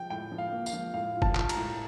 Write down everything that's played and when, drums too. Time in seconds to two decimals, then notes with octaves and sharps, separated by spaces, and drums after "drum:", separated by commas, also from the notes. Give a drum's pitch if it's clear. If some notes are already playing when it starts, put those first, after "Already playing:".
Already playing: F3 G5
0.10 A2 G5
0.32 F3
0.38 F5
0.52 A#3
0.66 F5, drum: tambourine
0.73 F3
0.94 A2 F5
1.15 F4
1.22 A5, drum: kick F1
1.35 F4, drum: clap
1.49 A#5, drum: cymbal
1.56 A2